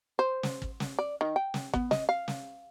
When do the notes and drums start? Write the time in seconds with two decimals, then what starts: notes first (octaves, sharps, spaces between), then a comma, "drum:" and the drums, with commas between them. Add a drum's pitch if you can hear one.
0.19 C5
0.43 drum: snare
0.62 drum: kick
0.80 drum: snare
0.99 D5
1.21 D#3
1.36 G5
1.54 drum: snare
1.74 B3, drum: kick
1.91 D#5, drum: snare
2.09 F5
2.28 drum: snare